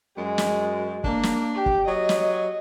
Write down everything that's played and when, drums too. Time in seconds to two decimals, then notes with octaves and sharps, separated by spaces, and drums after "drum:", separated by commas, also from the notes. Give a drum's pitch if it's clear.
0.18 F#2 G#3
0.38 drum: snare
1.04 A#3 D4, drum: kick
1.23 drum: snare
1.55 G4
1.66 drum: kick
1.88 F#3 D#5
2.09 drum: snare